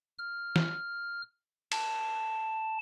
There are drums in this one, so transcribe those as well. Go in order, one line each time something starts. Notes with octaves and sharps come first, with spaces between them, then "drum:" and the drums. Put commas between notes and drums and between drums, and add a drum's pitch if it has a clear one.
F6
drum: snare
A5, drum: cymbal